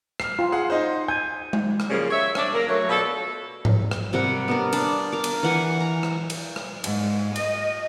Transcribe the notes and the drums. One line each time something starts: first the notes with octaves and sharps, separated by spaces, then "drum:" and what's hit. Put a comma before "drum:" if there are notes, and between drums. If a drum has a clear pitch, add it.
F6 C7, drum: rim click
F4
G#4 F#5
D#4 C5
G#5 G6
drum: tom G#3
drum: rim click
C#3 F3 G3 A#3 F4 G#4
C#5 E5
C#4 D4, drum: rim click
A#3 A#4
F#3 A3 C#5
B2 D4 F4 A4
drum: tom G#2
drum: rim click
C3 G3 A#4 F#5
B3 D4 A#4
D4, drum: cymbal
A#4 D6
drum: cymbal
E3 F#5 G#5
A#5
drum: rim click
drum: cymbal
drum: rim click
G#2, drum: cymbal
D#5, drum: cymbal